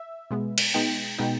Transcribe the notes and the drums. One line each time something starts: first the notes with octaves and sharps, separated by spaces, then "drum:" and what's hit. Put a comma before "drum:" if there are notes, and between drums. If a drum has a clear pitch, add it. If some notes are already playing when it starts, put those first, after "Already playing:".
Already playing: E5
B2 G#3 B3
drum: cymbal
B2 G#3 B3 D#4 G5
B2 G#3 B3 D#4 G5